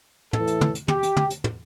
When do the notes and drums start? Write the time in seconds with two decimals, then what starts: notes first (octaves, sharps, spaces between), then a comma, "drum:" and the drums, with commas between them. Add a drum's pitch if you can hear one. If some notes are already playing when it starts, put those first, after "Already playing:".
0.33 A2 E3 A4, drum: tom
0.47 drum: hi-hat
0.61 drum: tom
0.75 drum: hi-hat
0.88 G4, drum: tom
1.03 drum: hi-hat
1.17 drum: tom
1.30 drum: hi-hat
1.44 drum: tom